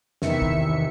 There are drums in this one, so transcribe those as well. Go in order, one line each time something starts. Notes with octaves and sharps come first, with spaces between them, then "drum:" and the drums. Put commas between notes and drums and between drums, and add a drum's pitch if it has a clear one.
E2 C3 D#3 E3 E5 C#7, drum: snare
drum: kick